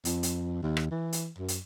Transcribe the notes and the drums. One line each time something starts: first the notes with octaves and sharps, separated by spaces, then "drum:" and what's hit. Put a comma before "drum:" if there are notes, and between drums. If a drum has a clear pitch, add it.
F2, drum: hi-hat
drum: hi-hat
D#2
drum: rim click
E3
drum: hi-hat
F#2
drum: hi-hat